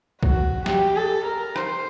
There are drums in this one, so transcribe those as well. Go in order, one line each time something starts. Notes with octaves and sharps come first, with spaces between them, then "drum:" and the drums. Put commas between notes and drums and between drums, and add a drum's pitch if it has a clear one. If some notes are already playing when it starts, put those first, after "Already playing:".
F#4, drum: kick
G4, drum: snare
A4
A#4
C5, drum: rim click